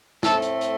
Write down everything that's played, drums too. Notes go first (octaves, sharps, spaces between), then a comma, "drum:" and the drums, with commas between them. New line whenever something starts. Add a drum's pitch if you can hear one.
A2 A3 C4 A4, drum: snare
drum: hi-hat
drum: hi-hat